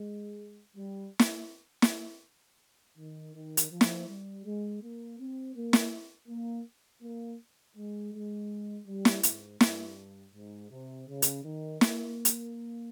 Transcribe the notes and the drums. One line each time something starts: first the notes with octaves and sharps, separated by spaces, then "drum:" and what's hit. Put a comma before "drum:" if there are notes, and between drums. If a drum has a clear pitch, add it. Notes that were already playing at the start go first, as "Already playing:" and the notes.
Already playing: G#3
G3
drum: snare
drum: snare
D#3
D#3
drum: hi-hat
F3
drum: snare
G3
G#3
A#3
C4
A#3
drum: snare
A#3
A#3
G#3
G#3
G3
drum: snare
G#2, drum: hi-hat
G2, drum: snare
G#2
C3
C#3
drum: hi-hat
D#3
A#3, drum: snare
drum: hi-hat